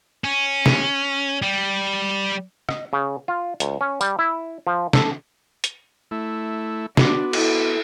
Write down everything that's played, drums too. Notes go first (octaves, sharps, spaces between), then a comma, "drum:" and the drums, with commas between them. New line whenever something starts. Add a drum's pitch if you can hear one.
C#4
drum: snare
G3
D#5, drum: rim click
C#3
F4
C#2, drum: hi-hat
C#4
G3, drum: tambourine
E4
F3
A4, drum: snare
drum: hi-hat
A3 E4
B3 D4 F#4 D6, drum: snare
E4 A4, drum: cymbal